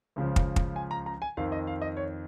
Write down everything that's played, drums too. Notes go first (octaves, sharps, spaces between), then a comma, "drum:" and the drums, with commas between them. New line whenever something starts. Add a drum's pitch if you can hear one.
C#2 C#3 F3
drum: kick
drum: kick
G#5
A#5
A#5
G#5
F2 D#3 F5
D#5
F5
D#5
C#5